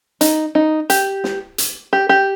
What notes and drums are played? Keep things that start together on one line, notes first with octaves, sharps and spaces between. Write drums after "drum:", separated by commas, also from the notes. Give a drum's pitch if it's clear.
D#4, drum: hi-hat
D#4
G4, drum: hi-hat
drum: snare
drum: hi-hat
G4
G4